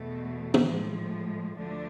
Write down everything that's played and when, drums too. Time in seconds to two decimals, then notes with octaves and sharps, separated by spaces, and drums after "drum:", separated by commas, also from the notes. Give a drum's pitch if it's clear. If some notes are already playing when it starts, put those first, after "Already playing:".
Already playing: E2 B2 A3
0.54 drum: tom
0.67 A2 F3 G#3
1.57 D2 D3 F3 A3 D4